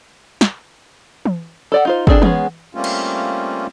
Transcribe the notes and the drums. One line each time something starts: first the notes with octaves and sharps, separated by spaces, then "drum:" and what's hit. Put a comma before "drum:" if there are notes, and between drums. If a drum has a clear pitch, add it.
drum: snare
drum: tom E3
A4 D5 F#5
D#4 F4 C5
C4 D4 G#4 A4, drum: kick
G#3 B3 C#4 G#4, drum: tom E3
G3 A3 A#3 C4 C#4 F4
drum: cymbal